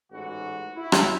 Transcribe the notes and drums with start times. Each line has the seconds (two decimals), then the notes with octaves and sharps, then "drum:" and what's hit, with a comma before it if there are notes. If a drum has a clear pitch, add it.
0.11 A1 G#2 E3 F#4
0.76 E4
0.92 drum: rim click